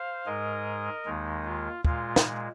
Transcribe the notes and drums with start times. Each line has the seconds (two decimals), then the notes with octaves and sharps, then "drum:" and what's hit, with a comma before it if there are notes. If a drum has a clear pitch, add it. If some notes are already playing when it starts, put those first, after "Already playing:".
Already playing: C5 F5
0.26 G#2 G#3 A#4 D#5
1.05 D#2 D#3 G#3 D#4
1.44 F4
1.85 A#2 G#3 F4, drum: kick
2.16 drum: snare